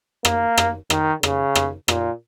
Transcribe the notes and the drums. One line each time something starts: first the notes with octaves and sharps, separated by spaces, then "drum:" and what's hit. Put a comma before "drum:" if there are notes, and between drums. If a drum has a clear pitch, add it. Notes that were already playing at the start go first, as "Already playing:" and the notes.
A#3, drum: rim click
drum: rim click
D#3, drum: rim click
C#3, drum: rim click
drum: rim click
A#2, drum: rim click